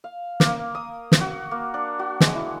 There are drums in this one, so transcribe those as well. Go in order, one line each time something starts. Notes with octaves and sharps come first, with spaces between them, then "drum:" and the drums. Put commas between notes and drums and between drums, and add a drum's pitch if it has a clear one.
F5
A#3, drum: snare
D#6
drum: snare
F#4
A#3
D4
F#4
G#3, drum: snare
E4